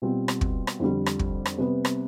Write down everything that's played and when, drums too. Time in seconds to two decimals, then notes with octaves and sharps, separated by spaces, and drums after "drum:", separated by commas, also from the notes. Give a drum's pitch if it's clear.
0.02 B2 G3 C4 F4
0.28 drum: rim click
0.41 drum: kick
0.67 drum: rim click
0.80 F2 D3 G3
1.06 drum: rim click
1.19 drum: kick
1.46 drum: rim click
1.58 C3 G3 B3
1.85 drum: rim click